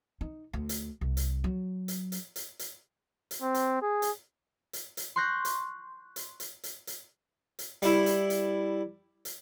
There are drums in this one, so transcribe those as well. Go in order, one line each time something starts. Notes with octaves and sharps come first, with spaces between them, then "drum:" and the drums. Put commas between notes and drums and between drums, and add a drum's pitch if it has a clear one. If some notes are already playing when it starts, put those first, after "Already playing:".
D#4
D2
drum: hi-hat
C2
drum: hi-hat
F#3
drum: hi-hat
drum: hi-hat
drum: hi-hat
drum: hi-hat
drum: hi-hat
C4
drum: hi-hat
G#4
drum: hi-hat
drum: hi-hat
drum: hi-hat
C6 C#6 F#6 G6 A#6
drum: hi-hat
drum: hi-hat
drum: hi-hat
drum: hi-hat
drum: hi-hat
drum: hi-hat
G3 E4, drum: hi-hat
drum: hi-hat
drum: hi-hat
drum: hi-hat